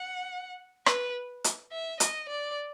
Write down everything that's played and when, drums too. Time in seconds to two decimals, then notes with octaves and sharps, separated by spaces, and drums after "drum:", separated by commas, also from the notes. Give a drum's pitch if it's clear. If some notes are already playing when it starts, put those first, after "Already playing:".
Already playing: F#5
0.86 B4, drum: rim click
1.44 drum: hi-hat
1.72 E5
2.00 D#5, drum: hi-hat
2.29 D5